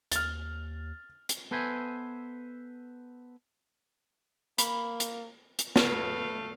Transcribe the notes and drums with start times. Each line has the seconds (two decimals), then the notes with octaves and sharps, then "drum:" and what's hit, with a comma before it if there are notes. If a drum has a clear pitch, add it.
0.12 D#2 F6 A6, drum: hi-hat
1.29 drum: hi-hat
1.51 B3 A4 B4 C5 E5 G#5
4.58 A#3 B5, drum: hi-hat
5.00 drum: hi-hat
5.59 drum: hi-hat
5.76 A3 B4 F5, drum: snare